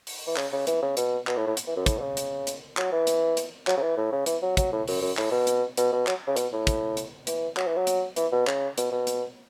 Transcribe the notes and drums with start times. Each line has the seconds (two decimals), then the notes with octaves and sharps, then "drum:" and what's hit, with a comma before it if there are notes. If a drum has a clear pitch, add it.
0.07 drum: open hi-hat
0.27 E3
0.37 C#3, drum: clap
0.53 C#3
0.67 E3, drum: hi-hat
0.82 C#3
0.97 B2, drum: hi-hat
1.27 B2, drum: clap
1.37 A2
1.47 A2
1.57 drum: hi-hat
1.67 E3
1.77 F#2
1.86 A2, drum: kick, hi-hat
1.97 B2
2.01 C#3
2.17 drum: hi-hat
2.47 drum: hi-hat
2.77 F#3, drum: clap
2.92 E3
3.07 drum: hi-hat
3.37 drum: hi-hat
3.67 F#3, drum: clap
3.77 C#3
3.82 E3
3.97 A2
4.12 C#3
4.26 E3, drum: hi-hat
4.42 F#3
4.57 F#3, drum: kick, hi-hat
4.72 A2
4.88 F#2, drum: open hi-hat
5.01 F#2
5.17 A2, drum: clap
5.32 B2
5.47 drum: hi-hat
5.77 B2, drum: hi-hat
5.92 B2
6.07 F#3, drum: clap
6.27 C#3
6.36 B2, drum: hi-hat
6.52 A2
6.67 drum: kick, hi-hat
6.97 drum: hi-hat
7.27 E3, drum: hi-hat
7.57 F#3, drum: clap
7.67 E3
7.77 F#3
7.87 drum: hi-hat
8.16 E3, drum: hi-hat
8.32 B2
8.47 C#3, drum: clap
8.78 B2, drum: hi-hat
8.92 B2
9.07 drum: hi-hat